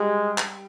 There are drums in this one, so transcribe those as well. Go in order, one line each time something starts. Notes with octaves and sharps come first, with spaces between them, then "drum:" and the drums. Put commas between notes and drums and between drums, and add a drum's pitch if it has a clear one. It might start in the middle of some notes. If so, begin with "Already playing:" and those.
Already playing: G3 G#3
drum: clap